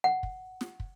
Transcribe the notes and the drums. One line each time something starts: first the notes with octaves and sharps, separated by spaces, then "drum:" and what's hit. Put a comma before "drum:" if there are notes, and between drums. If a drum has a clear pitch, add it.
F#5
drum: kick
drum: snare
drum: kick